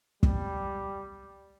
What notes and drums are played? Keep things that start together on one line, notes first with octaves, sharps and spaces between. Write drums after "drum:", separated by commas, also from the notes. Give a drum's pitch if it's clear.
G3, drum: kick